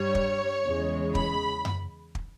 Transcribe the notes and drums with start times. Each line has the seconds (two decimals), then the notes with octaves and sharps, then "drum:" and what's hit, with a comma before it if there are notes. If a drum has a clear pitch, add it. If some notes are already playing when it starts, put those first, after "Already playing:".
Already playing: G2 G3 C#5
0.15 drum: kick
0.65 E2 C#3 G#3
1.15 B5, drum: kick
1.65 drum: tom F#2
2.15 drum: kick